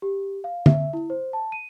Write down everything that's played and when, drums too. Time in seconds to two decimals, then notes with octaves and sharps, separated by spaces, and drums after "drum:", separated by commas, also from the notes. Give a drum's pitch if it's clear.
0.02 G4
0.44 F5
0.66 E5, drum: tom
0.93 E4
1.10 C5
1.33 A5
1.52 D#7